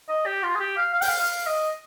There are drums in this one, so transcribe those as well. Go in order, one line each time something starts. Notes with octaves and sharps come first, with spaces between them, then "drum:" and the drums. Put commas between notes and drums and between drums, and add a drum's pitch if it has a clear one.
D#5
G4
F4
G#4
G4
F5
F5
G5, drum: open hi-hat
F5
F5
D#5